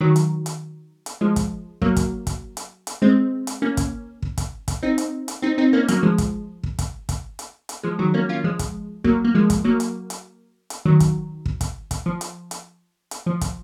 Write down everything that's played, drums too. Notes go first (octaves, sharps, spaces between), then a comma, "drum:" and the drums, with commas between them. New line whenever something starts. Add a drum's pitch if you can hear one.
D#3 F#3
drum: hi-hat
drum: hi-hat
drum: hi-hat
F3 G#3
drum: kick, hi-hat
F#3 A#3, drum: kick
drum: kick, hi-hat
drum: kick, hi-hat
drum: hi-hat
drum: hi-hat
G#3 C4
drum: hi-hat
A#3 C#4
drum: kick, hi-hat
drum: kick
drum: kick, hi-hat
drum: kick, hi-hat
C4 D#4
drum: hi-hat
drum: hi-hat
C4 D#4
C4 D#4
A#3 C#4
F#3 A#3, drum: hi-hat
F3 G#3
drum: kick, hi-hat
drum: kick
drum: kick, hi-hat
drum: kick, hi-hat
drum: hi-hat
drum: hi-hat
F3 G#3
D#3 F#3
A#3 C#4
C#4 F4
F3 G#3
drum: kick, hi-hat
F#3 A#3, drum: kick
A#3
F3 G#3
drum: kick, hi-hat
F#3 A#3
drum: hi-hat
drum: hi-hat
drum: hi-hat
D#3 F#3
drum: kick, hi-hat
drum: kick
drum: kick, hi-hat
drum: kick, hi-hat
F3
drum: hi-hat
drum: hi-hat
drum: hi-hat
F3
drum: kick, hi-hat